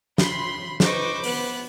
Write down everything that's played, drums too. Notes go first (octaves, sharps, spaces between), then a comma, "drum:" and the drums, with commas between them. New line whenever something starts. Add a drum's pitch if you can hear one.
B5 C6, drum: snare
D#4 B4 C5 C#6 D6, drum: snare
B3 F#6, drum: open hi-hat